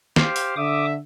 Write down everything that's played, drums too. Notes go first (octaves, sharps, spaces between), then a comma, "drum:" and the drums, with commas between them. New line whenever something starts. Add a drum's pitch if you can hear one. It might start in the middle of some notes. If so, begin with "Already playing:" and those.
G4 C5 F5, drum: snare
drum: open hi-hat
D3 E5 D6 D#6